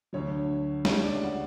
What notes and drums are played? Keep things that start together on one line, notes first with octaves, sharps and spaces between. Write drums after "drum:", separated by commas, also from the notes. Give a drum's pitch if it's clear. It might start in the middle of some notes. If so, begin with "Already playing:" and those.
D2 D3 F#3 C#5
D2 C#3 G3 C#5, drum: snare
D5
F#5